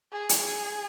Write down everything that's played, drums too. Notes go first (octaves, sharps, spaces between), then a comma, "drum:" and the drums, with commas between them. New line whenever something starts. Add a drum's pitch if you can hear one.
G#4
drum: hi-hat